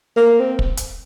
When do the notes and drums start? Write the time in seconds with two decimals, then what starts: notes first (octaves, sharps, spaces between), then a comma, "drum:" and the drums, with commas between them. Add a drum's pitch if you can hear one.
0.16 A#3
0.40 C4
0.59 drum: kick
0.77 drum: hi-hat